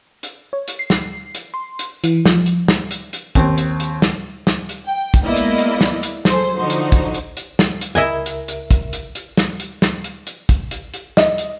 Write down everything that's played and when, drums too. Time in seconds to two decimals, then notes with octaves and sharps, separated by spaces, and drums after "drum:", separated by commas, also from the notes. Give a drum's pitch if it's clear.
0.23 drum: hi-hat
0.53 C#5
0.68 drum: hi-hat
0.79 C7
0.90 drum: snare
1.35 drum: hi-hat
1.54 C6
1.79 drum: hi-hat
2.04 E3, drum: hi-hat
2.26 F3, drum: snare
2.46 drum: hi-hat
2.68 drum: snare
2.91 drum: hi-hat
3.13 drum: hi-hat
3.35 D#2 C4, drum: kick, hi-hat
3.58 drum: hi-hat
3.80 drum: hi-hat
4.02 drum: snare
4.47 drum: snare
4.69 drum: hi-hat
4.86 G5
5.14 drum: kick, hi-hat
5.25 G#3 A#3 B3 E4 D5 D#5
5.36 drum: hi-hat
5.58 drum: hi-hat
5.81 drum: snare
6.03 drum: hi-hat
6.25 F#3 G#4 A4 C5, drum: snare
6.56 D3 F3 D#4 F#4 C5
6.70 drum: hi-hat
6.92 drum: kick, hi-hat
7.14 drum: hi-hat
7.37 drum: hi-hat
7.59 drum: snare
7.81 drum: hi-hat
7.95 C#2 E4 A#4 D#5 E5 G#5
8.26 drum: hi-hat
8.48 drum: hi-hat
8.71 drum: kick, hi-hat
8.93 drum: hi-hat
9.15 drum: hi-hat
9.37 drum: snare
9.60 drum: hi-hat
9.82 drum: snare
10.04 drum: hi-hat
10.27 drum: hi-hat
10.49 drum: kick, hi-hat
10.71 drum: hi-hat
10.94 drum: hi-hat
11.17 D#5, drum: snare
11.38 drum: hi-hat